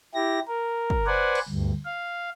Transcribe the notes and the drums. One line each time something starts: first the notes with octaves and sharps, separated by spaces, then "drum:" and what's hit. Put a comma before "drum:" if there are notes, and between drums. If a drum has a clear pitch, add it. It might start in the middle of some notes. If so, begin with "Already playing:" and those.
E4 G4 A#6
A#4
drum: kick
B4 C5 D5 F#5 G#5
drum: cymbal
D2 G2
F5